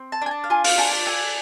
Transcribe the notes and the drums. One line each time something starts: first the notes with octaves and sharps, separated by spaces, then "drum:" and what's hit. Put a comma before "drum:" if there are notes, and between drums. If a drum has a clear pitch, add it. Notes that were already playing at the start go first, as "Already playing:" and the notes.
Already playing: C4
A5
D4 G#5
A5
F5
F4 G#5
F5, drum: open hi-hat
D4 G#5
A5
A4 G#5